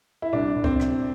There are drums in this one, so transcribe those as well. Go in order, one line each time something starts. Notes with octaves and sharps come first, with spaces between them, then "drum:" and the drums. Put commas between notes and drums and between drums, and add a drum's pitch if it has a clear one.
E4
C2 D4
C2
C4, drum: kick C#2
C3, drum: rim click